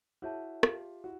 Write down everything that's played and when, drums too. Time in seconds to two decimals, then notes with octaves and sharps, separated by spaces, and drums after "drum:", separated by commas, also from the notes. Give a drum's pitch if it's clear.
0.22 E4 F#4 G#4 C#5 E5 A5
0.63 F4 G4, drum: rim click
1.04 E4 F#4